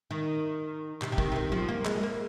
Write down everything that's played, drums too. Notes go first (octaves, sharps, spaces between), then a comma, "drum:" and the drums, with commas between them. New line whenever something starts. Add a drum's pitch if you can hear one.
D#3
C3, drum: clap
C3
D#3, drum: kick
C3
D#3
F3, drum: tom F#3
A#3
G#3, drum: clap
A#3